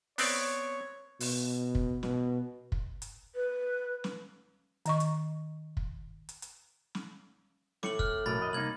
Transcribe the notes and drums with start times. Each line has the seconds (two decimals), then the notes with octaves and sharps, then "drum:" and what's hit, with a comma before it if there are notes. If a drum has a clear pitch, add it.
0.18 B3 C4 C#5 D5, drum: open hi-hat
1.20 B2, drum: open hi-hat
1.75 drum: kick
2.03 B2, drum: snare
2.72 drum: kick
3.02 drum: hi-hat
3.35 B4
4.04 drum: snare
4.86 D#3 D#5 C#6, drum: hi-hat
5.00 drum: hi-hat
5.77 drum: kick
6.29 drum: hi-hat
6.42 drum: hi-hat
6.95 drum: snare
7.83 A2 D6 C#7 F#7, drum: snare
7.99 F6 F#6, drum: kick
8.26 B1 F#2 A2 B5 A6
8.38 F2 D#5
8.53 C2 A#3 D#4 G#6 F#7